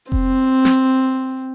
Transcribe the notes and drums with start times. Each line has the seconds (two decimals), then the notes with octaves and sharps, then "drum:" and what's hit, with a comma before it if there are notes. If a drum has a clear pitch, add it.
0.12 C4, drum: kick F1
0.65 drum: snare